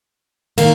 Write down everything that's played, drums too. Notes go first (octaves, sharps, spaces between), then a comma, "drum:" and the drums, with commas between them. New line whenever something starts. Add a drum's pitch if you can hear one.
D#3 A#3, drum: cymbal